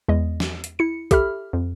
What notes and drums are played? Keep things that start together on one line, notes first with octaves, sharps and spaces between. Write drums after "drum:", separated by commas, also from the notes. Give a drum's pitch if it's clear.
E2 G#3 D#5
drum: snare
drum: hi-hat
E4 C#7
G4 A4 E5 B5 F6, drum: kick, hi-hat
F2